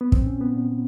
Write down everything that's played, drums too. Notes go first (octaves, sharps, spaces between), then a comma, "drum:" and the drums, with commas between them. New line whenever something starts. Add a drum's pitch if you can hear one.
B3
A#2 C4, drum: kick
C#4
A#2
B3
A#2